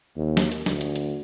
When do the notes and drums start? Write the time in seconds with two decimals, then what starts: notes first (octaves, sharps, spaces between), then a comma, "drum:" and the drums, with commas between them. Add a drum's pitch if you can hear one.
0.16 D#2
0.37 drum: snare
0.52 drum: hi-hat
0.66 D2, drum: snare
0.81 drum: hi-hat
0.96 drum: hi-hat